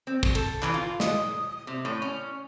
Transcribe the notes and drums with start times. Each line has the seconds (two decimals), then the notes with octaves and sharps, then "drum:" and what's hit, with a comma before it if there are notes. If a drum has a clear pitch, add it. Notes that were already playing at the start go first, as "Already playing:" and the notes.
0.07 C4
0.23 drum: kick
0.35 A4, drum: cymbal
0.63 E3, drum: clap
0.74 F4
1.00 D#5, drum: snare
1.67 C3
1.85 A2
2.02 C#4